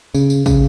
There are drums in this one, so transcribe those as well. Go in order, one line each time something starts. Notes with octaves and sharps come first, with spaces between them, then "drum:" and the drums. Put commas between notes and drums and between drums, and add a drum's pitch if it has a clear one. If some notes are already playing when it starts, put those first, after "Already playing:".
C#3, drum: tambourine
drum: tambourine
C#3, drum: kick, tambourine